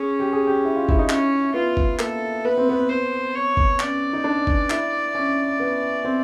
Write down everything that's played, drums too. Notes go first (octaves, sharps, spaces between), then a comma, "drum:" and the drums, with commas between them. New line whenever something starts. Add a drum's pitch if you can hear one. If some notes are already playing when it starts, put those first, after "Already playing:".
Already playing: C#4 G#4
G4
G#4
G4
E4
F4
E4, drum: kick G1
D#4
C#4 E4, drum: clap
B3 F4
drum: kick G1
A#3 A4, drum: clap
B3 B4
C4
B3
C5
C#5
drum: kick G1
C#4 D5, drum: clap
D#4
D4
drum: kick G1
E4, drum: clap
C#4
B3
C4